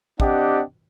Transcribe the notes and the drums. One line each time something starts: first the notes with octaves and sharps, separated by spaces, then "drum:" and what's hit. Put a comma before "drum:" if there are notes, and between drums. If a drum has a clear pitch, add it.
C4 D4 G4 D5 D#5 F#5, drum: kick